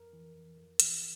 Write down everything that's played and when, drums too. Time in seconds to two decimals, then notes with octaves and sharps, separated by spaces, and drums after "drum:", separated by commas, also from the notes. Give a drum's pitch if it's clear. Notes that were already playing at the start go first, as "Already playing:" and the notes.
Already playing: F2 A#4
0.13 E3
0.35 F2
0.58 F2
0.80 E3, drum: hi-hat